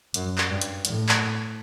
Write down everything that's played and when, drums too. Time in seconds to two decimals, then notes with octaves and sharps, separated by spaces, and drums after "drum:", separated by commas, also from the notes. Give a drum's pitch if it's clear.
0.14 F#2, drum: hi-hat
0.38 drum: clap
0.50 G2
0.61 drum: hi-hat
0.85 A2, drum: hi-hat
1.09 drum: clap